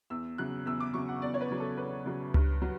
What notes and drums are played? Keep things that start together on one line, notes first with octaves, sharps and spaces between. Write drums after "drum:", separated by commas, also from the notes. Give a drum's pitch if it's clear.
E2 E6
C#3 F#3 F#6
E2 E6
D6
C#3 F#3 C#6
F#5
E2 D5
C#5
B4
C#3 F#3
A4
E2 B4
C#3 F#3
G2, drum: tom C#2
F#3